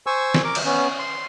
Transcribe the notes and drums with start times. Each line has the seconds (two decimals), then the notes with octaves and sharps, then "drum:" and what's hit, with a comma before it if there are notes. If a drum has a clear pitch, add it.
0.07 C5 G#5 C#6 E6
0.34 drum: snare
0.44 A#4 D6
0.55 drum: cymbal
0.66 B3 C#4
0.99 C6